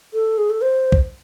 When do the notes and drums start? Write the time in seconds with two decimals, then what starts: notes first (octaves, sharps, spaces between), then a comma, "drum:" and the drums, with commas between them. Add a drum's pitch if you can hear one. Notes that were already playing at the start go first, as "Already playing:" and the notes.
0.14 A4
0.38 G#4
0.50 A4
0.62 C5
0.92 drum: kick C#2